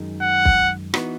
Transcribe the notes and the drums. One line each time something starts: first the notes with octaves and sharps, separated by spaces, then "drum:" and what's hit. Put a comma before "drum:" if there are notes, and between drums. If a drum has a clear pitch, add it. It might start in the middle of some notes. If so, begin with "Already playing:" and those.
Already playing: F#2 D#3 G#3 D#4
F#5
drum: kick
E3 B3 D#4 F#4, drum: rim click